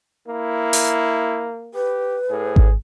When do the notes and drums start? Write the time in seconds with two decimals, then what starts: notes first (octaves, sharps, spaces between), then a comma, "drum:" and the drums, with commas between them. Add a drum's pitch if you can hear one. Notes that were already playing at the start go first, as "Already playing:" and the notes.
0.28 A#3 E4
0.73 drum: open hi-hat
1.74 G4 B4
2.30 A2 G#4
2.56 drum: kick G#1